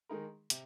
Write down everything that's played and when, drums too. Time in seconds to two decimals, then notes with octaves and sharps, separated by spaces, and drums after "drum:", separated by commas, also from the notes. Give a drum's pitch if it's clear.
0.09 D#3 G#3 D#4 A#4
0.50 C3, drum: hi-hat